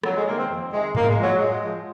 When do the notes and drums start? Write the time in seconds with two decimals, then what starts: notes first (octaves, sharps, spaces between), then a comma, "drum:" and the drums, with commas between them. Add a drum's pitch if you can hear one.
0.04 F2 F#3, drum: rim click
0.15 G#3
0.26 C3 D#3 A#3
0.38 C4
0.49 F2
0.72 C3 D#3 G#3
0.95 F#2 A#3, drum: tom G#2
1.09 G#3
1.18 F3 F#3
1.36 F#2 G#3
1.63 F3